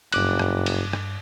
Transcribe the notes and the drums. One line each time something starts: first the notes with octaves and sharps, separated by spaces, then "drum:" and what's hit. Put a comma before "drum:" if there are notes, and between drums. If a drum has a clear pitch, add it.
F#1 G2 D6 F#6, drum: cymbal
drum: rim click
drum: cymbal
drum: rim click